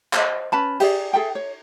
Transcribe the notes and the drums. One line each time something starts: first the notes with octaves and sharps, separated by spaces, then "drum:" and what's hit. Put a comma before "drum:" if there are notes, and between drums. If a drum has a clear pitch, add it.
C5 D#5, drum: clap
C#4 B4 A5 B5
G4 G#4 D5, drum: cymbal
G#4 A4 E5 G5
C#5